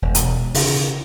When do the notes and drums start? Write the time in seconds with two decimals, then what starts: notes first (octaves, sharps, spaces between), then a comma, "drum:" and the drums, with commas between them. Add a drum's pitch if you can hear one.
0.02 E1
0.15 drum: hi-hat
0.54 C#3, drum: open hi-hat